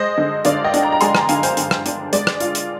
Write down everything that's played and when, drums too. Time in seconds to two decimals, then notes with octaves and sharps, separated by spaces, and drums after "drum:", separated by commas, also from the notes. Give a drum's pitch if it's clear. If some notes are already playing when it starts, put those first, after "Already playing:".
Already playing: G#3 C5 D#5
0.18 D3
0.45 D3 D5 F5, drum: hi-hat
0.64 D#5 G5
0.74 D4, drum: hi-hat
0.82 G5 A#5
0.92 A#5
1.01 G#3 G#5 C6, drum: hi-hat
1.15 G5 A#5, drum: rim click
1.29 D3 F5 G#5, drum: hi-hat
1.43 C5, drum: hi-hat
1.57 D3, drum: hi-hat
1.71 drum: rim click
1.86 D4, drum: hi-hat
2.13 G#3 D5, drum: hi-hat
2.27 drum: rim click
2.40 F4, drum: hi-hat
2.55 drum: hi-hat